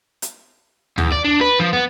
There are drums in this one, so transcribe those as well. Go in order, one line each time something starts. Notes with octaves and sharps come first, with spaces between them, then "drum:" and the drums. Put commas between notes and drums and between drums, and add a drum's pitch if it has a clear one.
drum: hi-hat
E2, drum: tom D2
D5
D4
B4
F3
B3